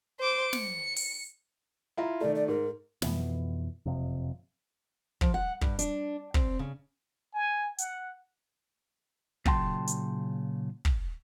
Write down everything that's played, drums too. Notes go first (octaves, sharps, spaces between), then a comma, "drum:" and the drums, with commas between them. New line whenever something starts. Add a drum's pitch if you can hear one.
C5 D6
C#7, drum: snare
drum: open hi-hat
E4 F4 A#5
D#3 A3 D5
D5
G#2 A#4
F2 B2 E3 B3, drum: snare
F#1 F2 C3
F3, drum: kick
F#5
G2, drum: kick
D4, drum: hi-hat
C4, drum: kick
C#3
G#5
F#5, drum: hi-hat
A#2 C#3 F#3 G5 A5 C6, drum: kick
drum: hi-hat
drum: kick